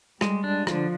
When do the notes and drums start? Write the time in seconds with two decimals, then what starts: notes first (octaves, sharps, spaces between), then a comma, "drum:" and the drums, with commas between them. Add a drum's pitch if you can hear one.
0.21 G3 G#3, drum: rim click
0.44 D4
0.67 D3 F3, drum: rim click